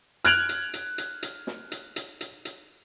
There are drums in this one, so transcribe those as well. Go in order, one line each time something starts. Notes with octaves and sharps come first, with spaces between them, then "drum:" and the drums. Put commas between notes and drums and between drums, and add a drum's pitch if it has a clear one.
F6 F#6 G#6 D7 F7 F#7, drum: hi-hat
drum: hi-hat
drum: hi-hat
drum: hi-hat
drum: hi-hat
drum: snare
drum: hi-hat
drum: hi-hat
drum: hi-hat
drum: hi-hat